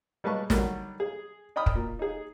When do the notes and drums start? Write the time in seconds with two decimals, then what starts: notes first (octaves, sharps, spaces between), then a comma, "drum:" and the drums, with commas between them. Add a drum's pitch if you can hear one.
0.24 G3 G#3 B4 A5 C#6
0.50 D3 D#3 F#3 G3, drum: snare
1.00 G#4
1.56 D5 D#5 G5 B5 D#6 F6
1.66 drum: kick
1.75 A#2
1.99 D#4 G#4